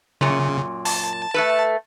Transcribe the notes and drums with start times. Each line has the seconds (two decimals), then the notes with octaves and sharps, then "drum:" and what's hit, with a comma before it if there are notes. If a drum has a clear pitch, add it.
0.21 F#2 A#2 C#3
0.85 A5, drum: open hi-hat
1.34 A3 A4 B4